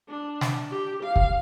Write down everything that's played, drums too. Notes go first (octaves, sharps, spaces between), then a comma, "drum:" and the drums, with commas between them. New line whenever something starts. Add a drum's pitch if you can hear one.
D4
drum: snare
G4
F5
drum: kick